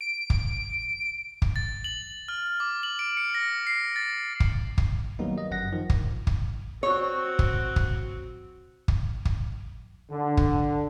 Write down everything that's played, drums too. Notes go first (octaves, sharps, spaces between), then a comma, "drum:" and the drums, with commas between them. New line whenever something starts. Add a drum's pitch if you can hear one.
D7
drum: kick
drum: kick
A6
F#7
F6
D6
F#7
D7
C#7
A#6
C7
A6
drum: kick
drum: kick
D#3 F#3 G3 A#3 B3 D#4
D#5
G1 F#2 F#5 A#6
D#3 F3
drum: kick
drum: kick
C4 F#4 C#5
drum: kick
drum: kick
drum: kick
drum: kick
D3
drum: kick